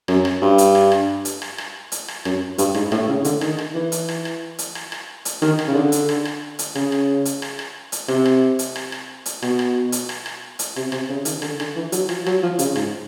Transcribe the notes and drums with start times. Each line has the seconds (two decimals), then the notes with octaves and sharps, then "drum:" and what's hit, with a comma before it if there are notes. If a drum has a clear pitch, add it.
0.08 F#2, drum: rim click
0.25 drum: rim click
0.42 G2
0.58 drum: hi-hat
0.75 drum: rim click
0.92 drum: rim click
1.25 drum: hi-hat
1.42 drum: rim click
1.58 drum: rim click
1.92 drum: hi-hat
2.08 drum: rim click
2.25 F#2, drum: rim click
2.58 G2, drum: hi-hat
2.74 G#2, drum: rim click
2.92 A2, drum: rim click
3.08 C#3
3.24 D3, drum: hi-hat
3.41 D#3, drum: rim click
3.58 drum: rim click
3.75 E3
3.92 drum: hi-hat
4.08 drum: rim click
4.25 drum: rim click
4.59 drum: hi-hat
4.75 drum: rim click
4.92 drum: rim click
5.25 drum: hi-hat
5.42 D#3, drum: rim click
5.59 drum: rim click
5.68 C#3
5.75 D3
5.92 drum: hi-hat
6.09 drum: rim click
6.25 drum: rim click
6.59 drum: hi-hat
6.75 C#3, drum: rim click
6.92 drum: rim click
7.25 drum: hi-hat
7.42 drum: rim click
7.59 drum: rim click
7.92 drum: hi-hat
8.08 C3, drum: rim click
8.25 drum: rim click
8.59 drum: hi-hat
8.76 drum: rim click
8.92 drum: rim click
9.26 drum: hi-hat
9.42 B2, drum: rim click
9.59 drum: rim click
9.92 drum: hi-hat
10.09 drum: rim click
10.26 drum: rim click
10.59 drum: hi-hat
10.76 C3, drum: rim click
10.92 C3, drum: rim click
11.09 C#3
11.25 D#3, drum: hi-hat
11.42 D3, drum: rim click
11.60 D3, drum: rim click
11.76 E3
11.92 F#3, drum: hi-hat
12.09 F3, drum: rim click
12.26 F#3, drum: rim click
12.43 F3
12.59 C#3, drum: hi-hat
12.76 G#2, drum: rim click